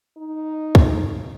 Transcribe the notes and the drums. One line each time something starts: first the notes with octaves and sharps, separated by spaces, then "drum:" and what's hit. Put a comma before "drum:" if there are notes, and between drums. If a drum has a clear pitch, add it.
D#4
drum: kick